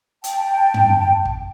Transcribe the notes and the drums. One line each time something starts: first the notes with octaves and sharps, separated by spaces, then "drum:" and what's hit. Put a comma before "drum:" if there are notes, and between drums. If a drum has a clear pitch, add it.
G5 A5, drum: hi-hat
drum: tom
drum: kick